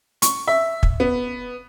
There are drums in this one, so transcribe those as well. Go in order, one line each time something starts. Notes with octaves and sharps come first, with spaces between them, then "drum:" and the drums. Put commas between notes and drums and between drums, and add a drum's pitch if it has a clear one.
C#6, drum: hi-hat
E5
drum: kick
B3